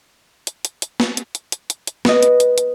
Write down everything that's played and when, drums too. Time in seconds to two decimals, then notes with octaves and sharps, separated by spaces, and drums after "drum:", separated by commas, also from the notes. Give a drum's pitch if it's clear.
0.47 drum: hi-hat
0.65 drum: hi-hat
0.82 drum: hi-hat
1.00 drum: snare
1.17 drum: hi-hat
1.35 drum: hi-hat
1.52 drum: hi-hat
1.70 drum: hi-hat
1.87 drum: hi-hat
2.05 B3 D#5, drum: snare
2.23 drum: hi-hat
2.40 drum: hi-hat
2.58 drum: hi-hat